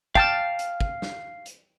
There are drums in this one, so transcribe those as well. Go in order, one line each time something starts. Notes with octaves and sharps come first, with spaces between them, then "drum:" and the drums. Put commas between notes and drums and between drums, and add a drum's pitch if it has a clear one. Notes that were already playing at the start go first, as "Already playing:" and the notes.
F5 G5 A5 F6, drum: kick
drum: hi-hat
drum: kick
drum: snare
drum: hi-hat